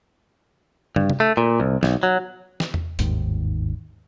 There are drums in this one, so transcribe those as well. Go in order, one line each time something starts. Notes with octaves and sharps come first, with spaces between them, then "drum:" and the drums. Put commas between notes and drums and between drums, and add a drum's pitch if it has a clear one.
G2, drum: tom
drum: tom
A3
A#2
C2
B1, drum: snare
F#3
drum: snare
drum: tom E2
G1 D#2 G#2 D#3, drum: hi-hat